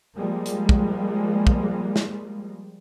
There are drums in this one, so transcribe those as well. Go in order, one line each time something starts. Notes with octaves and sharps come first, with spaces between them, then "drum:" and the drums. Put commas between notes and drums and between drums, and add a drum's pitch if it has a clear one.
F3 G3 G#3 A#3
drum: hi-hat
drum: kick
drum: kick
drum: snare